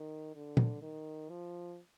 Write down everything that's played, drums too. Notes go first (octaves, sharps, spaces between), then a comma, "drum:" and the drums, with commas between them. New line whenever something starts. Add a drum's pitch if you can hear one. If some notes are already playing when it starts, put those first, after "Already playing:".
Already playing: D#3
D3
drum: tom A#2
D#3
F3